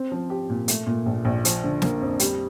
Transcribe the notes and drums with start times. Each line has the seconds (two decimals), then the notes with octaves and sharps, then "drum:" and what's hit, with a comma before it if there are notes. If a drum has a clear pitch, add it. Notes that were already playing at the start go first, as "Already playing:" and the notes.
Already playing: C4
0.12 F3
0.30 G4
0.50 A#2
0.68 A3, drum: hi-hat
0.87 A#2
1.06 A#1
1.25 A#1
1.45 F3, drum: hi-hat
1.64 D3
1.82 A#3, drum: snare
2.01 F2
2.19 G3, drum: hi-hat